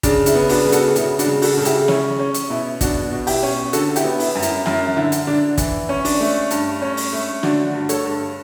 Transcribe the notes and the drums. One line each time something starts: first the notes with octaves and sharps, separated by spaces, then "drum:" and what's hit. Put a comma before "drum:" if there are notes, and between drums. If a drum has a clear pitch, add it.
C#3 D4, drum: kick, hi-hat
E4, drum: hi-hat
B3
D4 F#4, drum: open hi-hat
C#3
F#4 A4, drum: hi-hat
C#3 E4, drum: hi-hat
D4 F#4, drum: hi-hat
C#3
F#4 A4, drum: open hi-hat
C#3 A4
E4 G4, drum: hi-hat
C#4 E4, drum: snare
C#4
drum: hi-hat
B2 E4
B2 D4 F#4, drum: kick, hi-hat
B2
E4 G4, drum: open hi-hat
C#4
D3 F#4 A4, drum: hi-hat
E4 G4, drum: hi-hat
B3
E4, drum: open hi-hat
F#2
E4, drum: hi-hat
F#2 E4, drum: snare
D3 E4
drum: hi-hat
D3 D4
E3, drum: kick, hi-hat
C#4
D4, drum: open hi-hat
A3
G2, drum: hi-hat
C#4
drum: open hi-hat
A3
D3 D4 F#4, drum: snare
G2
A4 C#5, drum: hi-hat
G2